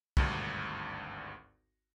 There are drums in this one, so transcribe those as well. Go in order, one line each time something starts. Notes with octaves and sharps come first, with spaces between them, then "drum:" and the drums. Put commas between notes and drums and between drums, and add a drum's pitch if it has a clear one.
G#1 D2 G2, drum: kick